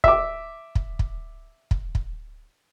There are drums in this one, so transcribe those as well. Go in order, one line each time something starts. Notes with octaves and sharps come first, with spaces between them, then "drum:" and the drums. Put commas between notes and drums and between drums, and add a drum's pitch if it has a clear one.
E5 D6, drum: kick
drum: kick
drum: kick
drum: kick
drum: kick